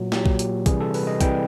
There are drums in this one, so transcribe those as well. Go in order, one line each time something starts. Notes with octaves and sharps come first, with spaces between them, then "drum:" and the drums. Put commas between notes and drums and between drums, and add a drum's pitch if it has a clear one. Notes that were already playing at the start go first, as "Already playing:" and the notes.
Already playing: A#2 F#3 F#4
A#2 F#3 G4, drum: snare
drum: kick B1
drum: hi-hat
C3 E3 G3 G#4, drum: kick B1, hi-hat
A4
B4, drum: open hi-hat
D#5
C3 E3 G3 G5, drum: kick B1, hi-hat